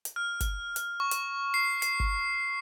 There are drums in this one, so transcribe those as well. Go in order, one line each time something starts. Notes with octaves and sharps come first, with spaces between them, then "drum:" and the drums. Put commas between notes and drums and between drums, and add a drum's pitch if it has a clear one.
drum: hi-hat
F6
drum: kick, hi-hat
drum: hi-hat
C#6
drum: hi-hat
C7
C7, drum: hi-hat
drum: kick